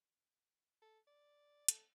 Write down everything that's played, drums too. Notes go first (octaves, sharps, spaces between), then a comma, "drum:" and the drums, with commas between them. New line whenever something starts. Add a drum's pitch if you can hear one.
A4
D5
A4, drum: hi-hat